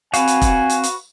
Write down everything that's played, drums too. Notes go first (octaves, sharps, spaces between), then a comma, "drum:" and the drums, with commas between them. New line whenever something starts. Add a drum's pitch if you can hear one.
C4 F#4 B4 F5 G#5, drum: hi-hat
drum: hi-hat
drum: kick, hi-hat
drum: hi-hat
drum: hi-hat